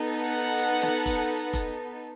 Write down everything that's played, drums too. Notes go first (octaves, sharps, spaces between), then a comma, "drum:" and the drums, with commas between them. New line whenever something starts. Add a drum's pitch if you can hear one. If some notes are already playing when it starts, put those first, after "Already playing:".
Already playing: B3 D#4 A4
F#5
drum: hi-hat
drum: snare
drum: kick F1, hi-hat
drum: kick F1, hi-hat